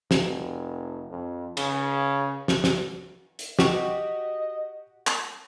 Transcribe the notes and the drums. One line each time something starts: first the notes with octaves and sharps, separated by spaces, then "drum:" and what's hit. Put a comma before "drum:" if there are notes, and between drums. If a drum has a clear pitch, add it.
F1, drum: snare
F2
C#3, drum: cymbal
drum: snare
drum: snare
drum: hi-hat
F#4 G4 D#5, drum: snare
drum: clap